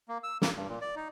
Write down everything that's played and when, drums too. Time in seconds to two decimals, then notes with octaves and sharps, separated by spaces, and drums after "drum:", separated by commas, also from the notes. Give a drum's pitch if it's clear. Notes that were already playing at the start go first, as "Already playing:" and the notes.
0.09 A#3
0.23 E6
0.42 A#3, drum: snare
0.55 G2
0.68 A#2
0.81 D5
0.96 D#4